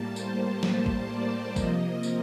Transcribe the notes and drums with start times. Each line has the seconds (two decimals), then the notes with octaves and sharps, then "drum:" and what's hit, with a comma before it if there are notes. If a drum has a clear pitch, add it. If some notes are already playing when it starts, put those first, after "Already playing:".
Already playing: A2 G3 A#3 A5
0.16 C5, drum: tambourine
0.63 C5, drum: snare
0.86 drum: kick G#1
1.10 D5
1.56 C3 F3 A#3 D#5, drum: kick G#1, tambourine
2.03 drum: tambourine